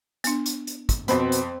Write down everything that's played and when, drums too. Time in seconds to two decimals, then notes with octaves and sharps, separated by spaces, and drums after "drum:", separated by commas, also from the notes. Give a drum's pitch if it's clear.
0.24 B3 D4, drum: hi-hat
0.46 drum: hi-hat
0.67 drum: hi-hat
0.89 drum: kick, hi-hat
1.08 F2 B2 C4 C5 B5, drum: hi-hat
1.32 drum: hi-hat